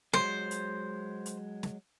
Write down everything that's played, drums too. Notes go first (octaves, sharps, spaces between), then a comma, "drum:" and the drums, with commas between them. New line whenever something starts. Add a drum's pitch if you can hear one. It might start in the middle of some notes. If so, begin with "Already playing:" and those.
F#3 G#3 C5, drum: snare
drum: hi-hat
drum: hi-hat
drum: snare